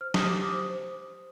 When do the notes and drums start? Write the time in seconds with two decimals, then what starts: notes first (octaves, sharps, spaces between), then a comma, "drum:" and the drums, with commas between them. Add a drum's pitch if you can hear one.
0.01 C5 F6
0.14 G4 D#6, drum: snare
0.29 D6
0.36 G4
0.41 D#6
0.53 C5
0.70 C5